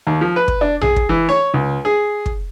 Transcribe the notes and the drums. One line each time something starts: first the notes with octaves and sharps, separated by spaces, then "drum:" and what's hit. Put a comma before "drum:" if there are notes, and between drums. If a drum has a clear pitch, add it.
D#2
F3
B4
drum: kick
D4
G#4, drum: tom A#1
drum: kick
E3
C#5
C#2
G#4
drum: kick